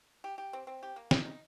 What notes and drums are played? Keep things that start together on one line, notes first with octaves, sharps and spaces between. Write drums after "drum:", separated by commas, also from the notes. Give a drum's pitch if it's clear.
G4
G4
C4
C4
G4
A#3
D#4, drum: snare
D#4